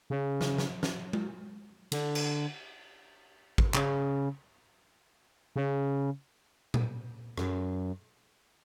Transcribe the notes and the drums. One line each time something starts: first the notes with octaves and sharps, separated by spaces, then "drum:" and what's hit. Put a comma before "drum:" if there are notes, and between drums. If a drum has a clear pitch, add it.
C#3
drum: snare
drum: snare
drum: snare
drum: tom G#3
D3, drum: cymbal
drum: cymbal
drum: kick
C#3, drum: clap
C#3
drum: tom A#2
F#2, drum: rim click